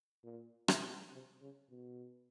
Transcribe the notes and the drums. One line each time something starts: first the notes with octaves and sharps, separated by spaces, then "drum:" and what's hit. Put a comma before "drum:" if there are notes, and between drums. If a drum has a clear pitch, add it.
A#2
B2, drum: rim click
C3
C#3
B2